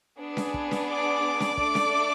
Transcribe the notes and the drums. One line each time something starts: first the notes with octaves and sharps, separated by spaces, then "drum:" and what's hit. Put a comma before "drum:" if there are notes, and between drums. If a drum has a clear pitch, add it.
B3 D4 G#4
drum: snare C#4
drum: kick
drum: snare C#4
D5 D6
drum: snare C#4
A3 D4 A4, drum: kick
drum: snare C#4